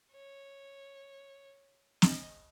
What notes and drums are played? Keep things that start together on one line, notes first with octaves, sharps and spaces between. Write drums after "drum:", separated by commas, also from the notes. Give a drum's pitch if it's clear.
C#5
D#5, drum: snare